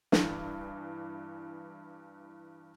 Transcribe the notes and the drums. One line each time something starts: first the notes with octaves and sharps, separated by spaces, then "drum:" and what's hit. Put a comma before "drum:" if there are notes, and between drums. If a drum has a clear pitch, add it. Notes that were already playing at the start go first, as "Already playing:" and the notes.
G2 E3, drum: snare